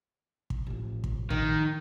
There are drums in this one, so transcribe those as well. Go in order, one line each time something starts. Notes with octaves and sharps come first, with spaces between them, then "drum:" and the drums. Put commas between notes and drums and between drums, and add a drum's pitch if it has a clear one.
drum: kick
A1 F3
drum: kick
D#3, drum: kick